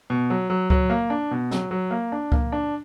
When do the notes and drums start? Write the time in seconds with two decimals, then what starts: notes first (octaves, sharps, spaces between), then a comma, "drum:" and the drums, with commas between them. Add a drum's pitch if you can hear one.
0.10 B2
0.30 F#3
0.50 F#3
0.70 F#3, drum: kick C#2
0.90 A#3
1.10 D4
1.31 B2
1.51 F#3, drum: snare
1.71 F#3
1.91 A#3
2.12 D4
2.32 A#3, drum: kick C#2
2.52 D4